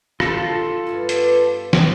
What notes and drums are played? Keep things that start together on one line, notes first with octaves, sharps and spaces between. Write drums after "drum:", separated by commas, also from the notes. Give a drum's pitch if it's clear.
F4 A4 A5, drum: rim click
G2 E4 B4
B3 D4 G4, drum: hi-hat
drum: snare